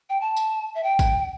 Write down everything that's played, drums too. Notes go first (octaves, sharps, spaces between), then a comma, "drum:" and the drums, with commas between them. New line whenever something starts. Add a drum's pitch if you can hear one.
G5
A5
drum: tambourine
E5
G5
drum: kick A1, tambourine